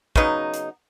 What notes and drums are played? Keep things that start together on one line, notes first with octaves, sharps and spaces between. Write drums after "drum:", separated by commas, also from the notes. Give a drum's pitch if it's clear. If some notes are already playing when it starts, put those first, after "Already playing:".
C#3 F#3 B3 D#4, drum: kick
drum: hi-hat